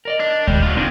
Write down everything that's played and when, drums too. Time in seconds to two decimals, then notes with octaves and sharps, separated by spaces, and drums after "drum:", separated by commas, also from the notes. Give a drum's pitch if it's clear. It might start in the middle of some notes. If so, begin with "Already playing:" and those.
0.05 A#4 D5 D#5
0.20 D4
0.48 C#2 G3 G#3, drum: kick D2
0.63 F#3 F4
0.77 F2 C4 D4 D#4